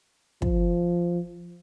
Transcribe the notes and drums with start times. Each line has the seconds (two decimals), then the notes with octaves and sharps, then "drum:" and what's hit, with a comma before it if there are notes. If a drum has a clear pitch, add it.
0.42 F3, drum: kick